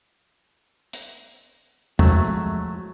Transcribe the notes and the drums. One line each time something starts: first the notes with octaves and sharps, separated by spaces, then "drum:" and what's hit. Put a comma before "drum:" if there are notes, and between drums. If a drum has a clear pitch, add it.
drum: hi-hat
F3 F#3 G#3 A3 E5, drum: tom E2